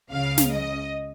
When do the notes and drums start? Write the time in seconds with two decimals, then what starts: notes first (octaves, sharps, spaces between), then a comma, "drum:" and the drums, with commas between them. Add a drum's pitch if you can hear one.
0.11 C#2 C#3 F5
0.38 drum: snare
0.51 D#5